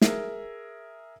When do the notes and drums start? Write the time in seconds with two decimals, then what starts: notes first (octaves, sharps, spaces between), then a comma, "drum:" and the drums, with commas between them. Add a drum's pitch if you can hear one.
0.01 G#4 A#4 E5, drum: snare